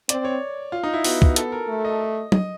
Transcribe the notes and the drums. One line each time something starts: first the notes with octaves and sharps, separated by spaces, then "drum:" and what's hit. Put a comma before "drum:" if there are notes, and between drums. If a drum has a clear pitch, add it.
C4 D5, drum: hi-hat
C#5
F4
D#4
E4
B3 F#4, drum: open hi-hat
drum: kick
A4, drum: hi-hat
A#4
A3
D#5
D#5, drum: tom F#3